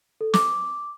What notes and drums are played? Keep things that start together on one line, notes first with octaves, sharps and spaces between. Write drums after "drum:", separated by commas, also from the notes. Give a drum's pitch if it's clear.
A4
D6, drum: snare